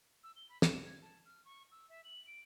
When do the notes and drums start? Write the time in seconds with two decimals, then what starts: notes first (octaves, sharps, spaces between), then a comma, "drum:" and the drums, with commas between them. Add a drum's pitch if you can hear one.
0.24 E6
0.36 G7
0.49 B5
0.62 E7, drum: snare
0.85 G#6
1.02 A5
1.26 F6
1.45 C#6
1.72 E6
1.89 E5
2.04 F#7
2.27 D7